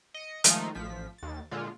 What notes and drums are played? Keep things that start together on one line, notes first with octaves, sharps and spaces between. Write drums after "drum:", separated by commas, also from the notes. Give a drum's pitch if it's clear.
D#5 C#7
D#3 F3 G#3 A3 D#4 F4, drum: hi-hat
A1 F3 B6
D#2 A6
A#2 D3 G#3 F4